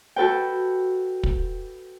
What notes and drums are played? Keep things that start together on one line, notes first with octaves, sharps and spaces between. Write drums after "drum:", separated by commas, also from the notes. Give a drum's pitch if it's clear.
F#4 A4 B4 G5
drum: kick